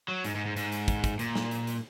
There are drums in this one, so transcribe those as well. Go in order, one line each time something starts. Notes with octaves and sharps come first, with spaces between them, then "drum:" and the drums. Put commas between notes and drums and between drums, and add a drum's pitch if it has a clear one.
F#3
G#2, drum: hi-hat
G#2
G#2
G#2, drum: hi-hat
drum: hi-hat
drum: kick, hi-hat
drum: kick, hi-hat
A#2, drum: hi-hat
drum: snare
drum: hi-hat
drum: hi-hat